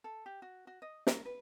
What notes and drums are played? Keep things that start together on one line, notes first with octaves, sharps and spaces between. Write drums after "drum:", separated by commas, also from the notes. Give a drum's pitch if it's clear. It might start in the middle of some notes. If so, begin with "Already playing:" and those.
A4
G4
F#4
F#4
D#5
A#4, drum: snare
B4